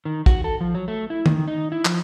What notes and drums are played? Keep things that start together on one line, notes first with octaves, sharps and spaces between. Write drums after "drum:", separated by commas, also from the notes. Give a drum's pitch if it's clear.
D#3
F#4, drum: kick
A4
F3
F#3
A3
E4
D#3, drum: tom
D#4
E4
F3, drum: clap